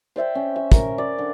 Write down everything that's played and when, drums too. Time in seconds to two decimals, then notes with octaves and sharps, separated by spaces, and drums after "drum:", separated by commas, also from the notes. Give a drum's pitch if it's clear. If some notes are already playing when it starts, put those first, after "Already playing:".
0.16 C5 D5 E5 G5
0.35 C#4
0.56 E5
0.72 A#4, drum: kick, hi-hat
0.98 D5
1.18 D3 D4